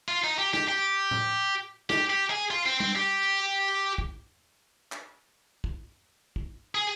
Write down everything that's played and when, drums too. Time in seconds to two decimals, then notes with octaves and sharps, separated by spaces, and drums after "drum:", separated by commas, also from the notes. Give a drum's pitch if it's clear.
0.08 F4
0.24 D#4
0.39 G4
0.54 G4, drum: snare
0.69 G4
1.11 drum: tom A2
1.90 G4, drum: snare
2.10 G4
2.30 G#4
2.51 F4
2.66 C4
2.80 C4, drum: tom G3
2.96 G4
3.98 drum: kick
4.92 drum: clap
5.64 drum: kick
6.36 drum: kick
6.75 G#4